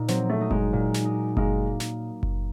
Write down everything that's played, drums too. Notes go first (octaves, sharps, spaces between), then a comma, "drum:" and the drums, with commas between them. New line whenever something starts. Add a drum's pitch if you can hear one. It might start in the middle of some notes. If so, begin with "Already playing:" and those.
Already playing: A#2 D#4
F#3 C4, drum: snare
A3
D#4
G#3, drum: kick F#1
A#2
drum: snare
D#4
G#3 A#3, drum: kick F#1
drum: snare
drum: kick F#1